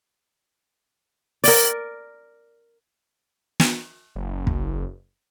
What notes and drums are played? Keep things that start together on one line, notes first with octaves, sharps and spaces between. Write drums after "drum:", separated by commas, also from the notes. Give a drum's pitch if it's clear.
A#4 D5, drum: open hi-hat
drum: snare
F#1
drum: kick